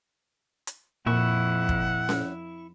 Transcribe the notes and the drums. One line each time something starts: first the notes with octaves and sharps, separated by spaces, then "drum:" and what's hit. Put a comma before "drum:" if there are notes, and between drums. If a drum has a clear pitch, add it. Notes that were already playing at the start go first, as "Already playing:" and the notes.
drum: hi-hat
F2 A#2 E4 F#5 C#6
drum: kick
drum: snare C#4